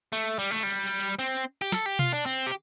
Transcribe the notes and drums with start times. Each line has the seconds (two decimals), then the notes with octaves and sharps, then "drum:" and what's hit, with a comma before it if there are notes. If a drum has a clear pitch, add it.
0.13 A3
0.39 G3
0.51 A3
0.63 G3
1.19 C4
1.62 G4
1.72 A4, drum: snare
1.86 G4
1.99 F4, drum: tom B2
2.13 D4
2.26 C4
2.46 G4